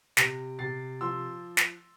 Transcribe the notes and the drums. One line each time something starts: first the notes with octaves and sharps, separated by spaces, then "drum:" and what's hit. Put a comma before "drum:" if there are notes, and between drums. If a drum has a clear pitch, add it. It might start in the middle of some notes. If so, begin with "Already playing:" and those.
C3 A#6 D7, drum: snare
C3 A6 C7
F3 C6 E6
drum: snare